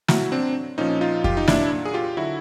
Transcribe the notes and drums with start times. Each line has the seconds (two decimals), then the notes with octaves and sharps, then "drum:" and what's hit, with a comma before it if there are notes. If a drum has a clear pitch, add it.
0.08 A2 F#3 E4 F#4, drum: snare
0.32 C4 D4
0.78 A#2 F3 C#4 D#4
1.01 D#4 F4
1.24 F4 G4, drum: kick F2
1.37 D#4
1.48 A#2 F#3 D4 E4, drum: snare
1.85 G#4
1.94 F4 G4
2.17 D3 F#3 E4 F#4